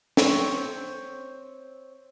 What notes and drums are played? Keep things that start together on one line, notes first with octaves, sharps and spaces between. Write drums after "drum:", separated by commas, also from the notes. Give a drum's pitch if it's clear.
C4 C#5, drum: snare